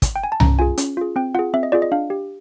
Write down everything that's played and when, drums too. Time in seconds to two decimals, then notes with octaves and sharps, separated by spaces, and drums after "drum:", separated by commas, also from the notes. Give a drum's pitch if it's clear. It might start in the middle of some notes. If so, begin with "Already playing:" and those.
0.02 drum: kick, hi-hat
0.16 G5
0.24 G#5
0.32 A5
0.40 C#4 A#5, drum: tom C2
0.59 F4 G#4 G#5
0.77 C#4, drum: hi-hat
0.97 F4 G#4
1.16 C4 G5
1.35 F4 G#4 F#5
1.54 C4 E5
1.63 D#5
1.72 F4 G#4 D5
1.82 D#5
1.92 D4 F5
2.10 G4